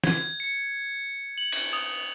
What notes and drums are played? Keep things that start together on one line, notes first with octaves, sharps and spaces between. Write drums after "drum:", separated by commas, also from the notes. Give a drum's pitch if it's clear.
G#6, drum: snare
C#7
F#7
drum: cymbal
D#6